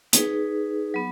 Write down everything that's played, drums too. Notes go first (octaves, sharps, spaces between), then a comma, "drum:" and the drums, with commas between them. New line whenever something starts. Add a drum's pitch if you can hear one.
D#4 G#4 B4, drum: hi-hat
F#3 B3